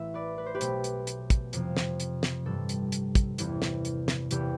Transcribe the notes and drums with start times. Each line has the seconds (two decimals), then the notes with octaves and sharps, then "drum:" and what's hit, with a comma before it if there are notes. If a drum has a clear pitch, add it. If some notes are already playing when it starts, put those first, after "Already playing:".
Already playing: A1 A2 E3 A3 E5
0.14 B4 D5
0.38 B4
0.46 C5
0.55 G4 B4
0.61 B1 B2 A3, drum: hi-hat
0.84 drum: hi-hat
1.07 drum: hi-hat
1.30 drum: kick, hi-hat
1.53 F2 C3 F3, drum: hi-hat
1.77 drum: snare
2.00 drum: hi-hat
2.23 drum: snare
2.45 A1 G2 E3 G3 A4
2.69 drum: hi-hat
2.92 drum: hi-hat
3.15 drum: kick, hi-hat
3.38 E2 C3 E3, drum: hi-hat
3.62 drum: snare
3.85 drum: hi-hat
4.08 drum: snare
4.31 E1 E2 C3 G4, drum: hi-hat